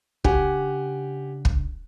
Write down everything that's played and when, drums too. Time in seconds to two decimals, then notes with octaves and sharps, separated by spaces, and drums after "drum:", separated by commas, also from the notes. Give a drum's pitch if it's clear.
0.24 C#3 D4 G4 F#5 G#5, drum: kick
1.45 drum: kick